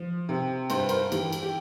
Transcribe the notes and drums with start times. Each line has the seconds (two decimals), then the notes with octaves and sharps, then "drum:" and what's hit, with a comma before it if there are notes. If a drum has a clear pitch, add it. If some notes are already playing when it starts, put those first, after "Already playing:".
Already playing: F3
0.29 C3
0.70 G2 C5, drum: cymbal
0.80 B4
0.89 A#4 C5, drum: cymbal
1.12 E3 G4, drum: cymbal
1.33 drum: cymbal
1.42 G4